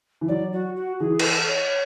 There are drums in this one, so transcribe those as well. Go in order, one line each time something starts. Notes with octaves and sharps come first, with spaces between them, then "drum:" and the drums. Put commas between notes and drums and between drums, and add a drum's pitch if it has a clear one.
E3
F#3 D5
F#4
F#4
E3 G#4
B4, drum: cymbal
A4
C#5